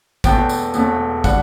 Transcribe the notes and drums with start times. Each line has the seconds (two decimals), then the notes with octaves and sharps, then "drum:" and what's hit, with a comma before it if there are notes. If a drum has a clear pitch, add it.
0.24 E1 E2 B2 A3 G5, drum: kick, tambourine
0.49 drum: tambourine
0.74 E1 E2 B2 A3, drum: tambourine
1.24 A2 G3 D4 F#5, drum: kick, tambourine